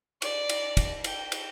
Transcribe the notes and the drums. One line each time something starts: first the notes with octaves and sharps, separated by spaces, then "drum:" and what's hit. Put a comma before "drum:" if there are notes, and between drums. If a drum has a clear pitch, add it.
D5, drum: cymbal
drum: cymbal
drum: kick, cymbal
G5, drum: cymbal
drum: cymbal